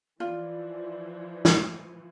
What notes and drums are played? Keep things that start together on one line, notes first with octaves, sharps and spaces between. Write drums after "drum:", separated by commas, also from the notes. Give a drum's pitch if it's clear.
E3 F3 F4 D5
drum: snare